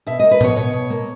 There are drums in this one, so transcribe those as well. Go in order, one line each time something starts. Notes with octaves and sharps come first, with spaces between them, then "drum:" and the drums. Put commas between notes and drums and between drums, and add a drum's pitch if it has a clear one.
B2 E5
A#3 D#5
B4
B2 C#5, drum: tom A2
B2 C#5
B2
A#3